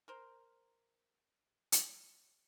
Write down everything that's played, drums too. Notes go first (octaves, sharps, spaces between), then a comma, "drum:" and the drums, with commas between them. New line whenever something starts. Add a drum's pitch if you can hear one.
A#4 C5
drum: hi-hat